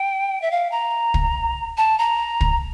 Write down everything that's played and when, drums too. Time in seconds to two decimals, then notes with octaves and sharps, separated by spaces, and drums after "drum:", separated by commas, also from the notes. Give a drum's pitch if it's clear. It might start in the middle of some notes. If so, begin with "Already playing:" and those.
Already playing: G5
0.42 E5
0.51 F5
0.71 A#5
1.14 drum: kick
1.77 A5
1.99 A#5
2.41 drum: kick